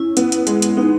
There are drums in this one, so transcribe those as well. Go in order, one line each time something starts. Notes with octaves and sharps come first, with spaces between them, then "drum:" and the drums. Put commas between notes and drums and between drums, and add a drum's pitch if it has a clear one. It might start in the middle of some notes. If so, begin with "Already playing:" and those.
Already playing: C#4 E4
B3, drum: hi-hat
drum: hi-hat
G#3, drum: hi-hat
drum: hi-hat
B3 D#4